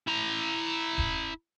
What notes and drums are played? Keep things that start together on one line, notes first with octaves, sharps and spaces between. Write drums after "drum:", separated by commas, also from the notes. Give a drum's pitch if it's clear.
E4 A#5
drum: kick